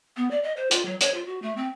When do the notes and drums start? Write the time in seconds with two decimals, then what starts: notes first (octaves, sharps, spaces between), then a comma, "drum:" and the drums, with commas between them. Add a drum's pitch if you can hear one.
0.17 B3
0.31 D5
0.43 D#5
0.57 C5
0.71 F4, drum: hi-hat
0.85 F#3
1.01 C#5, drum: hi-hat
1.14 F4
1.27 F#4
1.42 A3
1.57 C4